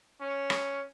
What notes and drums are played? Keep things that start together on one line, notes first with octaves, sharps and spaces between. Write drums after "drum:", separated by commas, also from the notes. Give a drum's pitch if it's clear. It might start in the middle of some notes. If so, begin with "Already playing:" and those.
C#4
drum: rim click